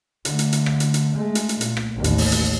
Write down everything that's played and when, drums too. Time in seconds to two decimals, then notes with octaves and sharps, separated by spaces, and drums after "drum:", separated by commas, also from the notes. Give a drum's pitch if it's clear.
0.25 D3 A3, drum: hi-hat
0.39 drum: hi-hat
0.53 drum: hi-hat
0.66 drum: rim click
0.80 drum: hi-hat
0.94 drum: hi-hat
1.16 G#3 A3
1.35 drum: hi-hat
1.49 drum: hi-hat
1.61 A#2, drum: hi-hat
1.77 drum: rim click
1.94 A1 D#2
2.04 drum: hi-hat
2.18 drum: open hi-hat
2.32 drum: hi-hat